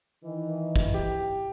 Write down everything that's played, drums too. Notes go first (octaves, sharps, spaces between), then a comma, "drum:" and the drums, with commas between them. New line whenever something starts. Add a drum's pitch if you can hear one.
D#3 E3 D#5
drum: kick A1
G4